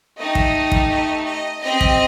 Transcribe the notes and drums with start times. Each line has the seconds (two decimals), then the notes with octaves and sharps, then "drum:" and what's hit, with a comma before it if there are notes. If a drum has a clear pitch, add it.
0.17 A3 D#4 G4 D#5
0.35 drum: kick
0.72 drum: kick
0.89 D#5
1.26 D#5
1.62 C4 G4 D#5
1.81 drum: kick